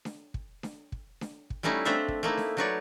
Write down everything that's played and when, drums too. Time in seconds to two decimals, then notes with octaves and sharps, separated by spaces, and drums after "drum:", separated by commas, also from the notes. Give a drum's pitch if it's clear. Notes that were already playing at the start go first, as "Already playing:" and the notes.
0.05 drum: snare D4
0.34 drum: kick
0.63 drum: snare D4
0.92 drum: kick
1.21 drum: snare D4
1.50 drum: kick
1.63 G3 A3 C#4 D#4 E4
1.85 A3 C4 D4 C5 E5 F5
2.08 drum: kick
2.23 A3 A#3 D#4 E4
2.37 drum: snare D4
2.57 F#3 A3 D#4 B4 C#5 D5